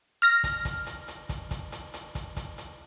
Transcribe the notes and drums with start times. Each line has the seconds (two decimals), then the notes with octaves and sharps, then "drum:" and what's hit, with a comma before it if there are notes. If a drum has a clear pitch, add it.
0.22 F6 A#6
0.44 drum: kick, hi-hat
0.65 drum: kick, hi-hat
0.86 drum: hi-hat
1.08 drum: hi-hat
1.29 drum: kick, hi-hat
1.51 drum: kick, hi-hat
1.72 drum: hi-hat
1.94 drum: hi-hat
2.15 drum: kick, hi-hat
2.36 drum: kick, hi-hat
2.58 drum: hi-hat